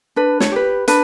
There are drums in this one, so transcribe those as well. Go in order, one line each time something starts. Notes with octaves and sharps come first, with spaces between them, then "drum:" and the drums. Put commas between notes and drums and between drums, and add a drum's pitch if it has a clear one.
D4 B4
C#5, drum: snare
G4 B4
D4 B4, drum: hi-hat